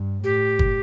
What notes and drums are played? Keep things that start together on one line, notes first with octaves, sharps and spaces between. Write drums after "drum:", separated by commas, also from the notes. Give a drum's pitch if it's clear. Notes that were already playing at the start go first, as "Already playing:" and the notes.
Already playing: G2
A2 G4
drum: kick